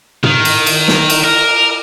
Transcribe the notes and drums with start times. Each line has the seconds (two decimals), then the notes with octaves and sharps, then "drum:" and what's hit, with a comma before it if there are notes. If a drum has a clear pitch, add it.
0.23 D#3, drum: tom
0.45 drum: cymbal
0.67 drum: cymbal
0.88 drum: snare
1.10 drum: cymbal
1.24 A#4